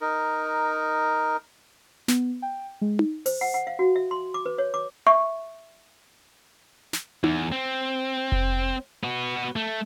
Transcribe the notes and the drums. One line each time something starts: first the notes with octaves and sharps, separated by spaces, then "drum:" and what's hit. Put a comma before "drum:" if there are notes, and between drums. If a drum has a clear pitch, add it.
D#4 A#4
B3, drum: snare
G5
G#3
drum: tom D#4
C5, drum: open hi-hat
F#5
F#5
F5
F#4
E5
C6
D6
B4
C#5
D6
E5 C#6
drum: snare
E2, drum: tom D#4
C4
drum: kick F1
B3 F#4
A3